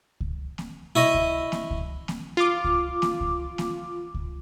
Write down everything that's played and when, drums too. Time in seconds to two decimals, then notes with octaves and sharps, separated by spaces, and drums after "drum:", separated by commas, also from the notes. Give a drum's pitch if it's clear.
0.20 drum: kick C#2
0.58 drum: snare A#3
0.96 E4 C#5 D#5
1.14 drum: kick C#2
1.52 drum: snare A#3
1.71 drum: kick C#2
2.08 drum: snare A#3
2.37 F4 D6
2.64 drum: kick C#2
3.02 drum: snare A#3
3.21 drum: kick C#2
3.58 drum: snare A#3
4.14 drum: kick C#2